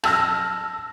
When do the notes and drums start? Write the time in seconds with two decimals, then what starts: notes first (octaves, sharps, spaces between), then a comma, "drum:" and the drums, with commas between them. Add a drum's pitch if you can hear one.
0.04 A5 E6 F6 A#6, drum: rim click